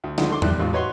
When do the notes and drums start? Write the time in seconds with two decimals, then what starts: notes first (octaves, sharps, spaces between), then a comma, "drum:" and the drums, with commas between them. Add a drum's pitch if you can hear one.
0.04 D2
0.18 D2 D#3 F3 G#3 D4 F#5, drum: snare
0.30 D3 C6 D6
0.42 E2 A2 G3 F#6, drum: tom E2
0.59 A1 G#2 F4
0.73 F#4 B4 C#5 D#5 F#5 C6